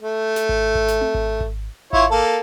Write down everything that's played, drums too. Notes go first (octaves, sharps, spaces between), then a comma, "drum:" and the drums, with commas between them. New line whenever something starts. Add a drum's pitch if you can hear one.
A3
drum: snare
drum: kick G#1
drum: kick G#1
drum: snare
drum: tom C4
drum: kick G#1
drum: kick G#1
E4 F4 C#5, drum: kick G#1
A#3 A4